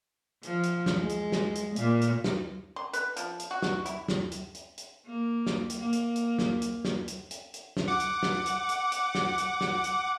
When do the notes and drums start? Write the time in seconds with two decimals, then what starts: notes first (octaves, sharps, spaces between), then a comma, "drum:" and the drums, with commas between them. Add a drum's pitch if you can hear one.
0.43 F3, drum: hi-hat
0.63 drum: hi-hat
0.86 drum: snare
0.98 G#3
1.09 drum: hi-hat
1.32 drum: snare
1.55 drum: hi-hat
1.76 A#2, drum: hi-hat
2.01 drum: hi-hat
2.24 drum: snare
2.76 C6
2.93 B4, drum: hi-hat
3.16 F3, drum: hi-hat
3.39 drum: hi-hat
3.51 F#4
3.62 drum: snare
3.86 E4, drum: hi-hat
4.08 drum: snare
4.31 drum: hi-hat
4.54 drum: hi-hat
4.78 drum: hi-hat
5.06 A#3
5.47 drum: snare
5.70 drum: hi-hat
5.79 A#3
5.93 drum: hi-hat
6.16 drum: hi-hat
6.39 drum: snare
6.62 drum: hi-hat
6.85 drum: snare
7.08 drum: hi-hat
7.31 drum: hi-hat
7.54 drum: hi-hat
7.77 drum: snare
7.88 F#5 D6
8.00 drum: hi-hat
8.23 drum: snare
8.46 drum: hi-hat
8.69 drum: hi-hat
8.92 drum: hi-hat
9.15 drum: snare
9.38 drum: hi-hat
9.61 drum: snare
9.84 drum: hi-hat